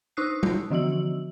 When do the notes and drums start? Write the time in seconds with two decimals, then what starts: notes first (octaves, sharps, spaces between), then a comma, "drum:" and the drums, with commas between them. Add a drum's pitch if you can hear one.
0.17 D4 D#4 D#6 E6 F#6 C7
0.43 drum: tom G3
0.70 D3 E3 F3 F#4 E6 F#7